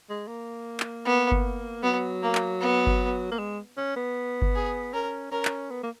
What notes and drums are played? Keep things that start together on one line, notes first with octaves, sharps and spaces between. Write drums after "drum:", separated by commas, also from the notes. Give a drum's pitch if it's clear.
G#3
A#3
drum: clap
B3
drum: kick G1
F#3 B3
A#3
drum: clap
B3
drum: kick G1
A#3
G#3
C#4
B3
drum: kick G1
G#4
C#4 A#4
C#4 A#4
drum: clap
B3
A#3